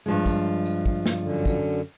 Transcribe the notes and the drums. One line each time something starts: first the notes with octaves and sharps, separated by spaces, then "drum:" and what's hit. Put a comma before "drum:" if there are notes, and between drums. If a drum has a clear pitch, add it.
G2 F3 G#3
drum: kick, tambourine
drum: tambourine
drum: kick
drum: snare
F#2 D3
drum: kick, tambourine